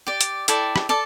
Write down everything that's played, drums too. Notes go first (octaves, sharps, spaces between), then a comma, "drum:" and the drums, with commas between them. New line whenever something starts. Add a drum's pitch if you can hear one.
G4 D5
drum: hi-hat
E4 A4 D5 G5, drum: hi-hat
drum: rim click
A4 D5 A5